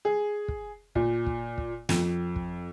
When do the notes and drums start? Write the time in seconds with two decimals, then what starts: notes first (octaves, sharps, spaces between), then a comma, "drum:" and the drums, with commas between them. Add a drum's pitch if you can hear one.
0.05 G#4
0.48 drum: kick
0.95 A#2, drum: kick
1.26 drum: kick
1.58 drum: kick
1.89 F2, drum: snare
2.36 drum: kick